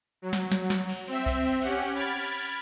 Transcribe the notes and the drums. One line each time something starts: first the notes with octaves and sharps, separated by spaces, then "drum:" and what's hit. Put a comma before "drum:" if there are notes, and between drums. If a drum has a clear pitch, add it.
F#3
drum: snare
drum: snare
drum: snare
drum: cymbal
C4 E5, drum: cymbal
drum: kick B1, cymbal
drum: cymbal
C#4 G4 F#5, drum: cymbal
drum: cymbal
B5 F6 G#6 A6 D7
drum: cymbal
drum: cymbal